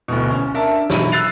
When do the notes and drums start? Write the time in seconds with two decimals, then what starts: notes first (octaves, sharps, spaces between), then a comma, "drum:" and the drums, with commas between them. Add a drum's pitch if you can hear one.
0.08 D1 A1 B2
0.31 C#4
0.54 D4 A#4 E5 A5
0.90 B1 E3 F#3 B5 D#7, drum: snare
1.12 E6 F#6 A6 C7 F7